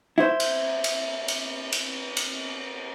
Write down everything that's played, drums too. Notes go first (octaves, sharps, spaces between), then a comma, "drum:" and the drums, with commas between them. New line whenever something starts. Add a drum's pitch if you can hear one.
E4 C5
drum: cymbal
drum: cymbal
drum: cymbal
drum: cymbal
drum: cymbal